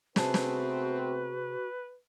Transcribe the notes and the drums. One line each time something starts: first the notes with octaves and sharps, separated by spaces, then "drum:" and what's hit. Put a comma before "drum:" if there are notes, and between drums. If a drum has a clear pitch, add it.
C3 A3 B3 C4 F#4 G#4 B4 A5, drum: snare
drum: snare